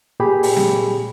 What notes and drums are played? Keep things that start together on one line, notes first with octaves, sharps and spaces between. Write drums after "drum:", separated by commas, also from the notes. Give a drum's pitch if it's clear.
A#2 G4 G#4 B5
drum: open hi-hat
drum: snare C4